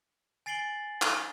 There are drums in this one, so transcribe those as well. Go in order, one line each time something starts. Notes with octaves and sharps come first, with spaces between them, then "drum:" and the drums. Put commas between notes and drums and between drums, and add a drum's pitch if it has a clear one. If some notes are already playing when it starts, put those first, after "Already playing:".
G#5 A6 C7 D7 F#7 G7
drum: clap